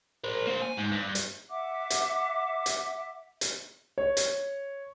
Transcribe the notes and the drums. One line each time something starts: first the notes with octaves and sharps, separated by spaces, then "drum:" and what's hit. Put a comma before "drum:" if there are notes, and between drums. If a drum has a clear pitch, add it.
A#4 C5
A#3 C5
G#5
G#2
G2
drum: hi-hat
E5 F#5 D6
drum: hi-hat
drum: hi-hat
drum: hi-hat
C#5
drum: hi-hat